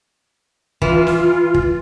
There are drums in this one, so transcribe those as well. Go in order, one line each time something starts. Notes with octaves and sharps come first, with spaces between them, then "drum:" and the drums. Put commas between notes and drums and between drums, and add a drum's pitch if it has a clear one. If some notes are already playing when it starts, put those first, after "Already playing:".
E3 F4, drum: kick
drum: snare
drum: kick